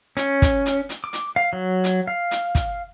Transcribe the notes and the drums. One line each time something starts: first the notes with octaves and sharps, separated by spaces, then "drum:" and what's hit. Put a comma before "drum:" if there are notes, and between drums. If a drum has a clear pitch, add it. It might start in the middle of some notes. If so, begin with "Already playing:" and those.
C#4, drum: hi-hat
drum: kick, hi-hat
drum: hi-hat
drum: hi-hat
D6
drum: hi-hat
F5
F#3
drum: hi-hat
F5
drum: hi-hat
drum: kick, hi-hat